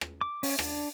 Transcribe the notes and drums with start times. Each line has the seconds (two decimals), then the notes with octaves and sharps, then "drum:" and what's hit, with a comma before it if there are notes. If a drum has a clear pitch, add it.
0.01 drum: rim click
0.21 D6
0.43 C#4, drum: open hi-hat
0.59 D4, drum: rim click